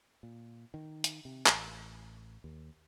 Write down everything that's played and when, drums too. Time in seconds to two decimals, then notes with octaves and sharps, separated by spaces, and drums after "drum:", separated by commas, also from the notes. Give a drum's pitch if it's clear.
0.23 A#2
0.74 D#3
1.04 drum: hi-hat
1.25 C3
1.46 A1, drum: clap
2.44 D#2